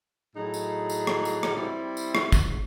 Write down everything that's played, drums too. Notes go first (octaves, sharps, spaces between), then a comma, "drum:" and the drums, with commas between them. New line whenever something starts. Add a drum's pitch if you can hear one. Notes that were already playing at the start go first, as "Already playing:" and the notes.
A2 F#3 D#4 G#4
drum: tambourine
drum: tambourine
drum: rim click
drum: tambourine
drum: rim click
G3 C4 E4
drum: tambourine
drum: rim click
drum: kick, tambourine